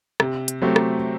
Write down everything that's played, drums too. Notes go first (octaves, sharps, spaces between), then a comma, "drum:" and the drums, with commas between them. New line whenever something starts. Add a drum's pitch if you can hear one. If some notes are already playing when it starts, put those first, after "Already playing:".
C3, drum: rim click
drum: hi-hat
F#3 A3 C4 G4
drum: rim click